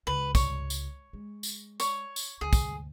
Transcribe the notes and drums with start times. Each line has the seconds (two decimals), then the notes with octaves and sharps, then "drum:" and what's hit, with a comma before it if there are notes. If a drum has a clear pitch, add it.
0.07 C#2 B4
0.35 C#5, drum: kick, tambourine
0.70 drum: tambourine
1.13 G#3
1.43 drum: tambourine
1.80 C#5, drum: tambourine
2.16 drum: tambourine
2.41 D2 G#4
2.53 drum: kick, tambourine